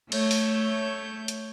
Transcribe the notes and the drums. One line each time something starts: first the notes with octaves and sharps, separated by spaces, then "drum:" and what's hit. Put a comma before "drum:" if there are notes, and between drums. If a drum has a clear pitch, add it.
A3 C#5 G6, drum: cymbal
drum: open hi-hat
drum: hi-hat